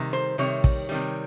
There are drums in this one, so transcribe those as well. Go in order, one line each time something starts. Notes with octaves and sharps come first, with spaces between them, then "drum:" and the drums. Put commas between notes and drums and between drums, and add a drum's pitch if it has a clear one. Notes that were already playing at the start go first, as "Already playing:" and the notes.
Already playing: C3 D#3 G3
C5
C3 D#3 G3 C#5
drum: kick
C3 D#3 G3